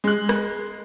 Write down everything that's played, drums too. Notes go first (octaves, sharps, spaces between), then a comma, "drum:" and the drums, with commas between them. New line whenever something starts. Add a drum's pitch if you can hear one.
G#3 F#6
drum: rim click